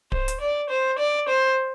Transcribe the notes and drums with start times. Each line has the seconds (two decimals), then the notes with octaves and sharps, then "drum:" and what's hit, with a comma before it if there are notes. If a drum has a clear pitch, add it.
0.12 C5, drum: kick D1
0.28 drum: hi-hat
0.41 D5
0.70 C5
0.99 D5
1.29 C5